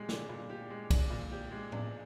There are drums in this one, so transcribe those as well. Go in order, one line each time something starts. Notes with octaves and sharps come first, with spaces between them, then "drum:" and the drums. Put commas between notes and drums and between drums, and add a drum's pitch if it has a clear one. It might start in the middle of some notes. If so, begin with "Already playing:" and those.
Already playing: A#2 G#3 G4
D4, drum: snare
A#2
G4
G#3
D4, drum: kick, cymbal
A#2
G4
G#3
D4, drum: tom